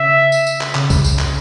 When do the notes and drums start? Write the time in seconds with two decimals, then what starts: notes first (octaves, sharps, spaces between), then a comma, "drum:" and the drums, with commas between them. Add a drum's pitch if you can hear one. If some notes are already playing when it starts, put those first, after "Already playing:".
Already playing: C#3 E5
0.32 drum: tambourine
0.47 drum: tambourine
0.61 drum: clap
0.75 C#3, drum: clap
0.90 drum: kick C2, tambourine
1.04 drum: tambourine
1.19 drum: clap